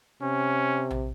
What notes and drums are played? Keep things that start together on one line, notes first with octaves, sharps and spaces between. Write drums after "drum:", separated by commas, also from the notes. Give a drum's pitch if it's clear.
C3 C#4
drum: tom A#1